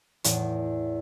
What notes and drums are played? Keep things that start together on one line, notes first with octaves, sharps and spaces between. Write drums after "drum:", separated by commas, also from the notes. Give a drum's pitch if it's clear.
E2 A2, drum: hi-hat